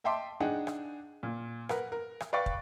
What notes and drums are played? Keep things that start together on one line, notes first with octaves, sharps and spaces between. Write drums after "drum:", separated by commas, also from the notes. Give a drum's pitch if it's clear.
D#5 E5 G5 A5 C6 D6
D4 D#4 G#4 F#5 G5
drum: rim click
A#2
A#4 B4 F#5, drum: rim click
A#4
drum: rim click
B4 D5 F5 G5 C#6 A6
drum: kick